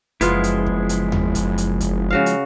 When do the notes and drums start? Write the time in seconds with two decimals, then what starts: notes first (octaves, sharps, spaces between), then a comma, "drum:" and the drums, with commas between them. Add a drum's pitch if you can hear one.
0.21 F#1 F3 G#3 B3 E4 F4, drum: hi-hat
0.44 drum: hi-hat
0.66 drum: kick
0.89 drum: hi-hat
1.12 drum: tom D#2
1.35 drum: kick, hi-hat
1.58 drum: hi-hat
1.81 drum: kick, hi-hat
2.10 C#3 F#4 F5
2.26 drum: hi-hat